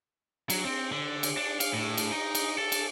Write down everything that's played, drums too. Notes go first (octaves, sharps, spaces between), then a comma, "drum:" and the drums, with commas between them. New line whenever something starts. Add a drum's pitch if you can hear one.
F#3, drum: cymbal
C4
D3
drum: cymbal
D4
F5, drum: cymbal
A2
drum: cymbal
D#4
drum: cymbal
A4
drum: cymbal